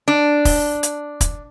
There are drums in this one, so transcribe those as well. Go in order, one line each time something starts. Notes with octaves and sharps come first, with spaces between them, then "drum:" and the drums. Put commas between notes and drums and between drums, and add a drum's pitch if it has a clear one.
D4
drum: kick, open hi-hat
drum: hi-hat
drum: kick, hi-hat